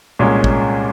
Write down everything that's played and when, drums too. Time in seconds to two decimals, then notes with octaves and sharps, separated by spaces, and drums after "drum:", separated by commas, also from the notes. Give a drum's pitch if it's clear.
0.19 C2 A#2 G#3 C#4
0.44 drum: kick